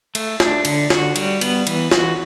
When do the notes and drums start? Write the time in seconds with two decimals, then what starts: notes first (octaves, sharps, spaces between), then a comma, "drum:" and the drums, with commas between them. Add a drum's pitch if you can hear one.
0.15 A3, drum: cymbal
0.40 D4, drum: snare
0.65 D3, drum: cymbal
0.90 F#4, drum: snare
1.16 G3, drum: cymbal
1.41 B3, drum: cymbal
1.67 E3, drum: cymbal
1.92 F#4, drum: snare